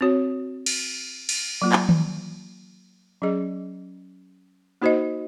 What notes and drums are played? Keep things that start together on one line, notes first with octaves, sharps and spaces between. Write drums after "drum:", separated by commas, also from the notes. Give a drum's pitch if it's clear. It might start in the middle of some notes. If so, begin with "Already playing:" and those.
C4 F#4 C#5
drum: cymbal
drum: cymbal
F#3 A#3 F4
drum: clap
drum: tom D#3
F#3 C#4 G#4 D#5
A#3 D#4 F#4 C5 D#5